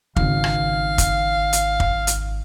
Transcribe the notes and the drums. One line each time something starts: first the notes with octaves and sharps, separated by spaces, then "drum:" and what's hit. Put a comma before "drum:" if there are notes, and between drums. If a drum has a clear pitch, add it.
G#1 C#3 F5, drum: kick
drum: rim click
drum: kick, hi-hat
drum: hi-hat
drum: kick
drum: hi-hat